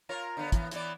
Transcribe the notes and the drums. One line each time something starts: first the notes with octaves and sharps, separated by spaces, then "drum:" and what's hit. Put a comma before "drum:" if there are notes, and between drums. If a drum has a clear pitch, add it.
F4 A#4 C#5
D3 B3
E3 B3, drum: kick, hi-hat
E3 B3 D5, drum: hi-hat